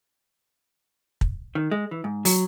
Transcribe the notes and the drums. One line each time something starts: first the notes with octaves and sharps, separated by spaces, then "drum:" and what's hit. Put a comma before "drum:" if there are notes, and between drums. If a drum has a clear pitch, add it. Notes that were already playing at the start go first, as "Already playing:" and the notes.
drum: kick
D#3
G#3
E3
G#2
F#3, drum: open hi-hat